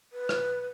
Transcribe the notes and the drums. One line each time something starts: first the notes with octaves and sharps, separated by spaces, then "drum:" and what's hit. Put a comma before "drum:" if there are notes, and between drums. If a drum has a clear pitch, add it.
B4
drum: rim click